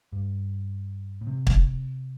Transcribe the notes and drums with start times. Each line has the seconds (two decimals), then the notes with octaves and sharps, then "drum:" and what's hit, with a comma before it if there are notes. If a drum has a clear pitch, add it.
0.12 G2
1.21 A2
1.27 C3
1.47 drum: kick